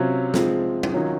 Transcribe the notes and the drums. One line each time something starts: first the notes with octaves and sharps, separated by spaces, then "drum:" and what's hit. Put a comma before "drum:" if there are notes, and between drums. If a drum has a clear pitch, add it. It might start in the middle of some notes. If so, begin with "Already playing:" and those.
Already playing: C3 F#3 C#4 F4 C5
F3 G#3 C4 F4, drum: snare
drum: tom F#3
D#3 F#3 C#4 F4